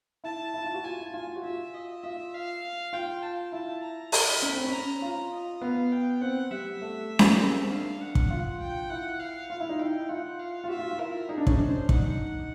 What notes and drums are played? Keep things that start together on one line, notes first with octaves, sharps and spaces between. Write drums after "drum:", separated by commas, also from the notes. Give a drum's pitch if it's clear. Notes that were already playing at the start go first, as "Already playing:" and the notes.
E4 A5
E4
F4
F#4
F4 G#5
E4
F4 G#5
F#4
F4 E5
D#5
F4 E5
F5
F4 G5
A5
E4
A#5
B5, drum: open hi-hat
C#4
C4
C#4
A#5
F4
D#5
B3 F5
G5
C4 F#5
G3 E5
A3
G3, drum: snare C#4
G#3
A3
A#3
C4
D4 F5
F#5
drum: kick
F4
G5
E4 F#5
F5
F4 F5
E4
D#4
E4 G5
F4 F#5
F5
F4
F#4 E5
F4
F4
E4 A#4
D#4 G#4
D4
C#4, drum: kick
D4 C5
D#4 F#5, drum: kick